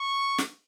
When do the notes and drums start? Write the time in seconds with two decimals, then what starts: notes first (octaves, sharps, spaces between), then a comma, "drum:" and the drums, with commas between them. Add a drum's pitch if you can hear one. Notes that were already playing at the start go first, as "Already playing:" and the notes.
Already playing: C#6
0.38 drum: snare